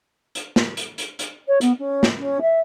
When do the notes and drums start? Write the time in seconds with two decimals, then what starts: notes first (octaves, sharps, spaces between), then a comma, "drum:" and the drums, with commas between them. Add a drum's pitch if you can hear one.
0.35 drum: hi-hat
0.56 drum: snare
0.77 drum: hi-hat
0.98 drum: hi-hat
1.19 drum: hi-hat
1.47 C#5
1.61 B3, drum: hi-hat
1.79 C#4
2.03 drum: snare
2.18 C#4
2.41 E5